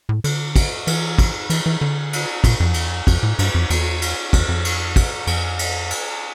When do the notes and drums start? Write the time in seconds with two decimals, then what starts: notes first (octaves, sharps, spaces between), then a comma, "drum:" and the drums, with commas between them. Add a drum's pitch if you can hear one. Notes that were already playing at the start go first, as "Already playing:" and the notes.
0.09 A2
0.24 D3, drum: cymbal
0.56 drum: kick, cymbal
0.87 E3, drum: cymbal
1.19 drum: kick, cymbal
1.50 E3, drum: cymbal
1.66 E3
1.81 D3
2.13 drum: cymbal
2.44 A#2, drum: kick, cymbal
2.60 F2
2.74 E2, drum: cymbal
2.88 F2
3.07 F2, drum: kick, cymbal
3.23 A2
3.39 G2, drum: cymbal
3.55 F2
3.70 E2, drum: cymbal
4.02 drum: cymbal
4.33 E2, drum: kick, cymbal
4.49 F2
4.65 drum: cymbal
4.96 drum: kick, cymbal
5.27 F2, drum: cymbal
5.59 drum: cymbal
5.90 drum: cymbal